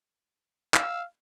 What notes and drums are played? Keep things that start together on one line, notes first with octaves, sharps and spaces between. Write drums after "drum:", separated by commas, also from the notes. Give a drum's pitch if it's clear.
F5 E6, drum: clap